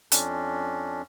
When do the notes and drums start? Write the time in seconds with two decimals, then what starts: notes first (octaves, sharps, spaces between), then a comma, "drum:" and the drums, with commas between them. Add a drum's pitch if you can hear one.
0.12 F2 C#4 D4, drum: hi-hat